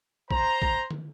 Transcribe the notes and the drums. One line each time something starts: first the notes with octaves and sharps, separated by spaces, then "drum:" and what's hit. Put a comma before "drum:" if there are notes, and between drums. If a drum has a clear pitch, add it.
C5 A#5, drum: kick
drum: kick
drum: tom